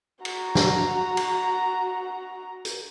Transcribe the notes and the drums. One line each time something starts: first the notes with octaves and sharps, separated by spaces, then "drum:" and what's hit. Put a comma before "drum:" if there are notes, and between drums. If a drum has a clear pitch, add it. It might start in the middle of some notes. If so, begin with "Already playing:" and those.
F#4 A#5, drum: cymbal
drum: snare
drum: cymbal
drum: hi-hat